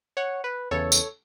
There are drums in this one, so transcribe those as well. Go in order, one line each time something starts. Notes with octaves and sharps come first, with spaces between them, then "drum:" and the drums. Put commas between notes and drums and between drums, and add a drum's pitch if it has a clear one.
C#5 F#5
B4
E2 C#3 E3 A4 C#5
drum: tambourine